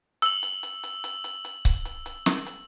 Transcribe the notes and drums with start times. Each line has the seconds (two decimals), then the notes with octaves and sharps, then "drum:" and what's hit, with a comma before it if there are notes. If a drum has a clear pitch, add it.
0.22 E6 F#7, drum: hi-hat
0.43 drum: hi-hat
0.63 drum: hi-hat
0.83 drum: hi-hat
1.04 drum: hi-hat
1.24 drum: hi-hat
1.45 drum: hi-hat
1.65 drum: kick C#1, hi-hat
1.85 drum: hi-hat
2.06 drum: hi-hat
2.26 drum: snare
2.46 drum: hi-hat